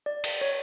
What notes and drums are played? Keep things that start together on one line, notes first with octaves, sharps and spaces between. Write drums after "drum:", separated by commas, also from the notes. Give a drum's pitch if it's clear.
D5
drum: cymbal
C#5